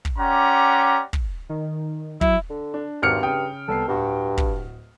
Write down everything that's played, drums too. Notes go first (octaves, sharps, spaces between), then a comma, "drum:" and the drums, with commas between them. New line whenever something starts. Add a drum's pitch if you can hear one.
drum: kick
C#4 G4 D5 F#5 A#5 C6
drum: kick
D#3
F#3 E4 E5, drum: kick
D3
D4
G#1 G2 C4 F#4 A#4 F6 C#7
C#3 G5 D#6
C2 B3 A4 C7
D1 G2 F#4
drum: kick